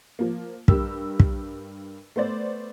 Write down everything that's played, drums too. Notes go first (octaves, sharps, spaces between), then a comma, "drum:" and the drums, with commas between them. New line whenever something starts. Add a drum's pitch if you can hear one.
F3 A#3
G2 G4 A#4 E6, drum: kick
drum: kick
A3 B3 C5 D5